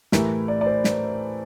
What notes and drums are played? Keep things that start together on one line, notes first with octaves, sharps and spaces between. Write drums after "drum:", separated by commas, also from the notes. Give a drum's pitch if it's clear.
A2 E3 A3 E4 G4 A#4, drum: snare
D5
D5
C5
drum: snare